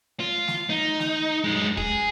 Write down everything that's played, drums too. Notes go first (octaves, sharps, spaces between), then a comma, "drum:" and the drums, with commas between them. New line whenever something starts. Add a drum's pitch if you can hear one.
F4
drum: snare A3
D#4
drum: snare A3
F#2 G#3
G#4, drum: kick